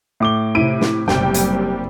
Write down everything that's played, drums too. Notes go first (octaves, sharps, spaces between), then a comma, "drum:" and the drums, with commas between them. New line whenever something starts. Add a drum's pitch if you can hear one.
A2 D6 G7
C3 E4 D7 D#7
drum: snare
F#1 C3 G3 G5, drum: snare
drum: hi-hat